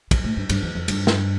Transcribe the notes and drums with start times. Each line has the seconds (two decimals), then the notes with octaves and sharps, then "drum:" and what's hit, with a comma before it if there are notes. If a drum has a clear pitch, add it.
0.11 G3, drum: kick, cymbal
0.24 A2
0.37 G2
0.49 G2, drum: cymbal
0.62 E2
0.75 F2
0.88 G2, drum: cymbal
1.07 drum: snare